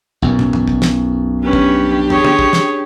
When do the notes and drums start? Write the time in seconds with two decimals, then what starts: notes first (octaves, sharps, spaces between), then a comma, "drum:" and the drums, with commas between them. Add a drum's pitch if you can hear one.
0.22 B1 F#2
0.39 drum: tom
0.53 drum: tom
0.68 drum: kick
0.82 drum: snare
1.43 C#4 D4 G4 B4
1.53 drum: kick
2.10 G#4 C#5, drum: tom
2.25 drum: tom
2.39 drum: kick
2.53 drum: snare